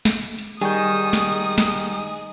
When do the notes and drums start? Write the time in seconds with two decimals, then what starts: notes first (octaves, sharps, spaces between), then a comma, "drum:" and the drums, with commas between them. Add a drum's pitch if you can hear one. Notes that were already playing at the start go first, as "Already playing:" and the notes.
0.05 drum: snare
0.39 drum: hi-hat
0.61 D#3 G3 G#4 C#6 D#6 G6, drum: hi-hat
1.13 drum: snare
1.58 drum: snare